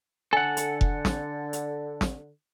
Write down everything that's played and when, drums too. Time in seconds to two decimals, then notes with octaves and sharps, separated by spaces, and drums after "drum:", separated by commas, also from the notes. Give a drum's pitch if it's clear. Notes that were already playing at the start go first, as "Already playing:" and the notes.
0.33 D3 A4 F#5 G#5
0.57 drum: hi-hat
0.81 drum: kick F1
1.05 drum: snare
1.53 drum: hi-hat
2.01 drum: snare